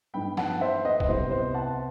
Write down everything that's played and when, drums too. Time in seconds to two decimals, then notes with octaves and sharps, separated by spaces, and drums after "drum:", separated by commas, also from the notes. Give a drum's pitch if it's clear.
0.14 G2 E3 B3 D#4 G5 B5
0.37 F#5 A5, drum: snare
0.61 C5 E5
0.84 B4 D#5
1.00 D#5, drum: kick
1.08 C2 C3 E3 B3 C5
1.31 C5
1.54 F#5 A5